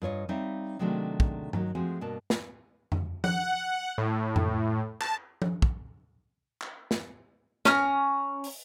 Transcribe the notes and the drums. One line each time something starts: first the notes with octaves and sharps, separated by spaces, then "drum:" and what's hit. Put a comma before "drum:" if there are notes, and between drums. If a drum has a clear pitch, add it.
G2 F4 C#5 D#5
G3 C4 D#4 C#5 E5 F5
C3 D#3 F#3 G#3 A3 D4
drum: kick
D#3 F#3 D#4, drum: tom G2
F3 G#3 A3 C4 F#4 G#4
G2 B2 A#3 A5
drum: snare
drum: tom F2
F#5, drum: tom F3
A2
drum: tom F2
A5, drum: clap
drum: tom F3
drum: kick
drum: clap
drum: snare
C#4 G#5 A#5 F6, drum: snare
drum: open hi-hat